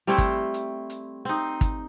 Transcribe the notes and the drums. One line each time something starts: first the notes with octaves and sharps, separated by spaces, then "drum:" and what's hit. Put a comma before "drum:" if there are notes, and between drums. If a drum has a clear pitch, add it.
G3 A3 C4 E4
drum: kick, hi-hat
drum: hi-hat
drum: hi-hat
C4 D#4
drum: kick, hi-hat